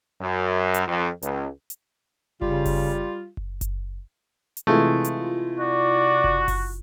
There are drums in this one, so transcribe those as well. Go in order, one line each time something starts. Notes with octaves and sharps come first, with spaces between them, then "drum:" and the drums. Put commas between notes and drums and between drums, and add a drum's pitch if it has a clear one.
F#2
drum: hi-hat
F2
C#2, drum: hi-hat
drum: hi-hat
C#3 G3 F4, drum: kick F#1
drum: kick F#1, open hi-hat
drum: kick F#1
drum: kick F#1, hi-hat
drum: hi-hat
C3 E3 G#3 A3 E4 F4
drum: hi-hat
F#4 D5
drum: kick F#1
drum: kick F#1, open hi-hat